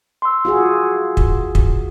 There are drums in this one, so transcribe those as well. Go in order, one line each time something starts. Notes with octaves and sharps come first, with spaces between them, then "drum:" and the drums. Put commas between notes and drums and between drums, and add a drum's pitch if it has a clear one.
C6 E6
F4 F#4 G#4
drum: kick
drum: kick